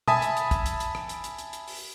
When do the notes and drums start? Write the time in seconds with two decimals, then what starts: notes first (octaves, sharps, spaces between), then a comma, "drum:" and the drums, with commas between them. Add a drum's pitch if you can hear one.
0.08 E5 G#5 A5 B5 D#6, drum: tom
0.22 drum: hi-hat
0.37 drum: hi-hat
0.51 drum: kick, hi-hat
0.66 drum: hi-hat
0.80 drum: hi-hat
0.95 drum: rim click
1.09 drum: hi-hat
1.24 drum: hi-hat
1.38 drum: hi-hat
1.53 drum: hi-hat
1.68 drum: open hi-hat